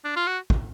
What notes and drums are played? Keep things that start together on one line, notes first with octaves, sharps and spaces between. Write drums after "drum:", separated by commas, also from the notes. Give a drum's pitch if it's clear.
D4
F4
F#4
drum: kick